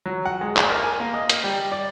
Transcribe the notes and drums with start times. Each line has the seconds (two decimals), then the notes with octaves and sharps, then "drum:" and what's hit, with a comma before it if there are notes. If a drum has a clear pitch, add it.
0.06 F#3
0.25 F#5
0.41 G#3
0.57 D5, drum: clap
0.70 A#4
0.83 G#5
1.00 A#3
1.14 D#5
1.29 drum: hi-hat
1.44 G3
1.72 D5